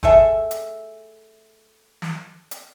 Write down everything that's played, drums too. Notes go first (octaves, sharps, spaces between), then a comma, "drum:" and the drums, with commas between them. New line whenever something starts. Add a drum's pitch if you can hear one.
A3 G#4 A4 E5, drum: kick
drum: hi-hat
drum: snare
drum: hi-hat